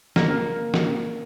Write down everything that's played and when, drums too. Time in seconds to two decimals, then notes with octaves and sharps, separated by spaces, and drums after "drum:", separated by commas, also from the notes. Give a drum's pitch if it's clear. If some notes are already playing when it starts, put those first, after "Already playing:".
0.16 A#3, drum: snare
0.74 drum: snare